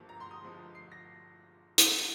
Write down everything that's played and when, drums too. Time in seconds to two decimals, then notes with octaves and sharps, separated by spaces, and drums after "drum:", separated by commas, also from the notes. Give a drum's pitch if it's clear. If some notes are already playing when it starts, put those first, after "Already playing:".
Already playing: G1 G2 F3 A#3
0.09 A#5
0.20 C6
0.31 D#6
0.43 G1 G2 F3 G#3
0.75 C7
0.92 A#6
1.78 drum: hi-hat